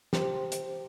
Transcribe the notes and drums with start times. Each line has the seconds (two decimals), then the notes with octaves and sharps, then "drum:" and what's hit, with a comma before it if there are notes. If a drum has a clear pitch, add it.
0.13 G4 C5, drum: snare
0.52 drum: hi-hat